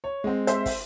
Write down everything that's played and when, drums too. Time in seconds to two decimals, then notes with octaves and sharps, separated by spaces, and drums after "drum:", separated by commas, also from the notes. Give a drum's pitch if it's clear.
0.04 C#5
0.24 G#3 C4
0.47 C5 E5, drum: hi-hat
0.66 drum: kick, open hi-hat